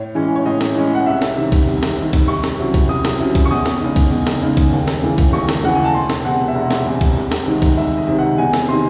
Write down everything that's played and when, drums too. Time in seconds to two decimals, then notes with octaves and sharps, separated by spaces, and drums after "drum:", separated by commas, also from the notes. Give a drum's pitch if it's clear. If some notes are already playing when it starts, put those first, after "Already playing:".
Already playing: A2 C#5
0.15 E3 G#3 C#4
0.36 C#5
0.46 A2 D#5
0.61 drum: snare
0.76 E3 G#3 C#4
0.95 F#5
1.06 C2 E5
1.22 drum: snare
1.37 C3 D#3
1.52 drum: kick B1, cymbal
1.67 C2
1.83 drum: snare
1.98 C3 D#3
2.13 drum: kick B1, cymbal
2.28 C2 C#6
2.44 drum: snare
2.59 C3 F#3 C#4 E4
2.74 drum: kick B1, cymbal
2.89 C2 D#6
3.05 drum: snare
3.20 C3 F#3 C#4 E4
3.35 drum: kick B1, cymbal
3.45 C#6
3.51 E2 D#6
3.66 drum: snare
3.81 C#3 G#3 D#4
3.96 drum: kick B1, cymbal
4.11 E2
4.27 drum: snare
4.42 C#3 G#3 D#4
4.57 drum: kick B1, cymbal
4.73 D#2
4.88 drum: snare
5.03 C#3 E3 A3
5.18 drum: kick B1, cymbal
5.33 D#2 C#6
5.49 drum: snare
5.64 C#3 E3 A3 F#5
5.75 G#5
5.84 A5
5.95 E1 C6
6.10 drum: snare
6.25 E2 C3 F#5
6.48 E5
6.55 E1 F#5
6.71 drum: snare
6.86 E2 C3
7.01 drum: kick B1, cymbal
7.17 C2
7.32 drum: snare
7.47 C3 D#3 G#3
7.62 drum: kick B1, cymbal
7.77 C2 E5
7.98 D#5
8.07 C3 D#3 G#3
8.19 F#5
8.38 E2 G#5
8.53 drum: snare
8.69 C3 D#3 C6